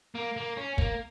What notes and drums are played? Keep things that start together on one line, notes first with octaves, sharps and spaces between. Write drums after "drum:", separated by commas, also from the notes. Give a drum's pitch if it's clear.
A#3
A#3
C#4
A#3, drum: kick